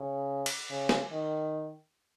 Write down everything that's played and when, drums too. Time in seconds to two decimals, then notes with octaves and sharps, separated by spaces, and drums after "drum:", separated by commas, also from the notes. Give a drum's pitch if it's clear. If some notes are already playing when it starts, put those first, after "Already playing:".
Already playing: C#3
0.46 drum: cymbal
0.70 C#3
0.89 drum: snare
1.12 D#3